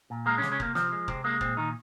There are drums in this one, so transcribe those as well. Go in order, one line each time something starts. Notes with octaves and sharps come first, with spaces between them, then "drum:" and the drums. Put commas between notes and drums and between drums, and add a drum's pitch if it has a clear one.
A#2
G#3 A#3 A#4
C#3 C#4
C3, drum: snare
C#3 C#4
C3 A#3, drum: kick
F3 C4, drum: snare
G#3
C3 C4, drum: kick
G#3 A#3
A#2 C4, drum: kick
A#2 D#3 D#4